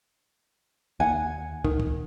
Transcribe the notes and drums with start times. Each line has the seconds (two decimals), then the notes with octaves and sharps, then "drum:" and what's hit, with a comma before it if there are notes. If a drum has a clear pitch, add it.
1.00 D#2 F#5 G#5
1.64 D#3, drum: kick
1.80 drum: kick